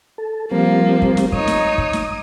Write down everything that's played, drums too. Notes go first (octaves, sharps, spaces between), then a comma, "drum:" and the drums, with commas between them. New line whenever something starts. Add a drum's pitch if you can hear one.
A4
F3 G3 A#3 C4
drum: kick
drum: snare
D#4 C#5 D#6, drum: kick
drum: snare
drum: kick
drum: snare